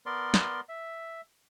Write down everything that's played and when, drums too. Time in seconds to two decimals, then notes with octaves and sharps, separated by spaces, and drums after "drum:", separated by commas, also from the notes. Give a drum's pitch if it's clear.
0.06 B3 A#4 D5 C6
0.34 drum: snare
0.69 E5